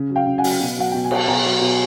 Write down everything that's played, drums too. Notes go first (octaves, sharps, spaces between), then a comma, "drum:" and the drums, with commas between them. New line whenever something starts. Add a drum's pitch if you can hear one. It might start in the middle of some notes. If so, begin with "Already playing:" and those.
Already playing: C#3
F#3
F5 G5
C#3
F#5 G#5
F#3, drum: open hi-hat
B2
F#3 F#5
B2 G5
G#5
F#3 A5, drum: cymbal
B2 G#5 A#5
F#3
B2